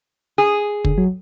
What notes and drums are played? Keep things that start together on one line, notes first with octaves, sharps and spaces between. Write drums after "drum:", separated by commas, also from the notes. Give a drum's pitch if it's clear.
G#4
D3, drum: kick
F#3